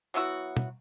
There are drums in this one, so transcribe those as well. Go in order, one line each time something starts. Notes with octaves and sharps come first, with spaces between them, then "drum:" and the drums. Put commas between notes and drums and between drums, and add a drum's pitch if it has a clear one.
F#3 B3 E4 F#4
drum: tom